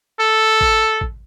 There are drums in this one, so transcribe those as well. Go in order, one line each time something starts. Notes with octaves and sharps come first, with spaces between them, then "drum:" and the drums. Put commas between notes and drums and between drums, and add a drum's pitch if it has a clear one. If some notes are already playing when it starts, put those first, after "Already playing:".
A4
drum: kick
drum: kick